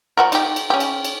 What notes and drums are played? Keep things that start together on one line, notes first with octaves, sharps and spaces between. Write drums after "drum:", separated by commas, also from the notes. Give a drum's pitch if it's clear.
F3 F#4 A#4
D#4 G4, drum: cymbal
drum: cymbal
C#4 G4
drum: cymbal
drum: cymbal